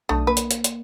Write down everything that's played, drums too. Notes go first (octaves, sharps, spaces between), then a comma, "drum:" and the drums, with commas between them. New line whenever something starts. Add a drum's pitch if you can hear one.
B1 A3 D4 D#6
A#3 B4
drum: hi-hat
drum: hi-hat
drum: hi-hat